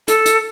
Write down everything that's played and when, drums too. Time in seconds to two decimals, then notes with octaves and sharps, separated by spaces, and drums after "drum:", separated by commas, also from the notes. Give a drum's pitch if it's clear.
0.08 A4, drum: hi-hat
0.26 drum: hi-hat